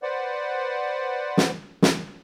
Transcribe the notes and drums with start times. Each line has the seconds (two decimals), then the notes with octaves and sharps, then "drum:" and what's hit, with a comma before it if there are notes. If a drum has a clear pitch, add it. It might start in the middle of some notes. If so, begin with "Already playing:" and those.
0.02 B4 C5 D5 F#5
1.37 drum: snare
1.82 drum: snare